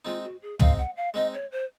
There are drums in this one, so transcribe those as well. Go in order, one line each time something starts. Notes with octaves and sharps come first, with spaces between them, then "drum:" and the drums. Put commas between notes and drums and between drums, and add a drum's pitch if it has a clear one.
G#3 C4 D#4 F4
F#4
G#4
G#3 C4 D#4 F5, drum: tom
F#5
F5
G#3 C4 D#4 D#5
C#5
C5